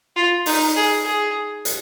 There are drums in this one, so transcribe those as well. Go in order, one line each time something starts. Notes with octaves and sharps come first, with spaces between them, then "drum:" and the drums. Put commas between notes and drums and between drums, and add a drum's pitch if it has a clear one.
F4
D#4, drum: open hi-hat
G#4
G#4
drum: hi-hat